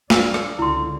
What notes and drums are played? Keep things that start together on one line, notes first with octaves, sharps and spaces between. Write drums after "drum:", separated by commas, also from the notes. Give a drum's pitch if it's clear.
D4 F5 E6, drum: snare
drum: rim click
C#2 D3 E4 C6